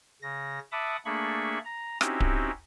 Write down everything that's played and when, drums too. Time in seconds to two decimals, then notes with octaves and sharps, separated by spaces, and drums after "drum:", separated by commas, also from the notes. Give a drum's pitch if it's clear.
0.22 C#3 A#6
0.72 E5 F#5 A5 B5 D6 D#6
1.05 A3 A#3 D4 G#4 B5 C#6
1.65 A#5
2.01 C4 C#4 D#4 E4 F#4 G4, drum: rim click
2.20 drum: kick D1